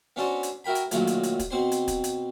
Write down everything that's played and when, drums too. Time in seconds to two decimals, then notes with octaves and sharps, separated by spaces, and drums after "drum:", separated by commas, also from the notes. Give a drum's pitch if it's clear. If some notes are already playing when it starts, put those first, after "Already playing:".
0.16 B3 C#4 D4 F#4 A4 C5
0.43 drum: hi-hat
0.64 E4 F#4 A#4 G5 B5
0.75 drum: hi-hat
0.91 B1 A#2 D#3 F#3 A3, drum: hi-hat
1.07 drum: hi-hat
1.23 drum: hi-hat
1.39 drum: kick, hi-hat
1.51 B2 C4 C5 C6
1.72 drum: hi-hat
1.88 drum: kick, hi-hat
2.04 drum: hi-hat